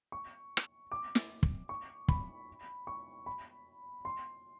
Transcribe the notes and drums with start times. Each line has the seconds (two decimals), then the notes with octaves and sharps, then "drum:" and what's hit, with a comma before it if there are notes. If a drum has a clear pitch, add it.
0.12 C#6
0.57 drum: rim click
0.92 D6
1.15 drum: snare
1.43 drum: kick
1.69 C#6
2.08 B5, drum: kick
2.87 C#6
3.26 B5
4.05 C6